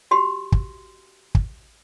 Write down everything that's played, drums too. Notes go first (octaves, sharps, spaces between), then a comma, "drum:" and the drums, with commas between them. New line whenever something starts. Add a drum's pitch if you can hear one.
F#4 G4 C6
drum: kick
drum: kick